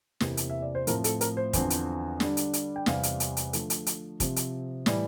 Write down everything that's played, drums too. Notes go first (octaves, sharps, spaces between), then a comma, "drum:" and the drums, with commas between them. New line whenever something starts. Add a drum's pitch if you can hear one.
E2 C3 E3 A#3, drum: snare
drum: hi-hat
E5
D5
C5
A2 F3 C4 A#4, drum: hi-hat
A4, drum: hi-hat
A#4, drum: hi-hat
C5
E2 D3 F3 C4, drum: kick, hi-hat
drum: hi-hat
D3 G3 D4, drum: snare
drum: hi-hat
drum: hi-hat
G5
E2 C3 G3 F5, drum: snare
drum: hi-hat
drum: hi-hat
drum: hi-hat
D3 F3 A3, drum: hi-hat
drum: hi-hat
drum: hi-hat
C3 F3 C4, drum: kick, hi-hat
drum: hi-hat
A2 E3 G3, drum: snare